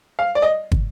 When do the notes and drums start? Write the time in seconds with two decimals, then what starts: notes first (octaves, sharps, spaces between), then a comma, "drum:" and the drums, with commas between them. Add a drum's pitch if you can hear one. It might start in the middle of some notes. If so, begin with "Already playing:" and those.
0.19 F5
0.35 D5
0.42 D#5
0.72 drum: kick